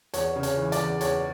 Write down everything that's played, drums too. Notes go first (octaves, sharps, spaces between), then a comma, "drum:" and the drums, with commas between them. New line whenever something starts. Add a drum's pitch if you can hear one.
E2 C#5, drum: hi-hat
C#3
C#5, drum: hi-hat
E3
D5, drum: hi-hat
E2
E2 C#5, drum: hi-hat